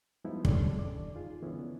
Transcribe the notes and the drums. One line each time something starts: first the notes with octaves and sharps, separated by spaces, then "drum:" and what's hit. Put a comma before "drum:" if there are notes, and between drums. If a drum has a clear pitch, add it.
F3 G3 G#3 B3 D#4 E4
G3 C#4 D4 G#4 A4 D5, drum: kick
D5
D#4 F4 G#4
D3 E3 B3 C#4 E4